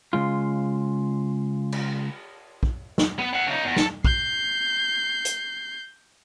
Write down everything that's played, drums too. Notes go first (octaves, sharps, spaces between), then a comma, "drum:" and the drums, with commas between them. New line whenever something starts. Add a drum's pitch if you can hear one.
C#3 G#3 F4
drum: cymbal
drum: kick
drum: snare
B3
E5 F#5
C#3 D#4
E2
A4, drum: snare
G6 C7, drum: kick
drum: hi-hat